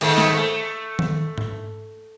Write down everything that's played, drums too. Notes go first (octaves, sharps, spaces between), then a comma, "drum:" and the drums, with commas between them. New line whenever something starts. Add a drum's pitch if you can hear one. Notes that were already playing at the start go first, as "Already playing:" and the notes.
G#2 D#3 A3, drum: cymbal
drum: snare
A3
drum: tom D#3
drum: tom G#2